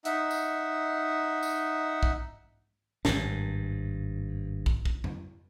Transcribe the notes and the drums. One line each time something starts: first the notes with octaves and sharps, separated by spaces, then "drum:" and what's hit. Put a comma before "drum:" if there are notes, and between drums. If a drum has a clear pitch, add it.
D#4 E5 F#5, drum: hi-hat
drum: tambourine
drum: tambourine
drum: kick
G#1 G2, drum: snare
drum: kick
drum: kick
drum: tom F2